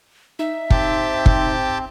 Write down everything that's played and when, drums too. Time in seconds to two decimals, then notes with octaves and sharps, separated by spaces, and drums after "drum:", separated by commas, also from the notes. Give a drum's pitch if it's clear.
0.39 D#4 E5
0.70 C4 G4 G5 A5, drum: kick
1.26 drum: kick